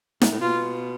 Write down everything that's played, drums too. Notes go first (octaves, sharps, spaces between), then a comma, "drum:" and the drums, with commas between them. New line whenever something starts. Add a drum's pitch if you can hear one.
G#2, drum: snare
A2
B2 F4